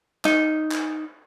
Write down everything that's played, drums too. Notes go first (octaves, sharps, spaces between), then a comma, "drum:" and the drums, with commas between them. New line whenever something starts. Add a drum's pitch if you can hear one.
D#4, drum: clap
drum: clap